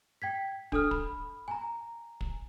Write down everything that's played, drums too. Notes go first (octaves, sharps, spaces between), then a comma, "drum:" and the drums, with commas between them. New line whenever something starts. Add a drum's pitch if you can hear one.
G5 G#6 B6
D4 A4 D#6 F6, drum: kick
B5, drum: kick
G#5 A#5
drum: kick